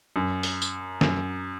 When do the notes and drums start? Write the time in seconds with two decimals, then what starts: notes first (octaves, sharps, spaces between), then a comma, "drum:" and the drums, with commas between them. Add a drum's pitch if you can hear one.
0.16 F#2
0.43 drum: open hi-hat
0.62 drum: tambourine
1.01 F#2, drum: snare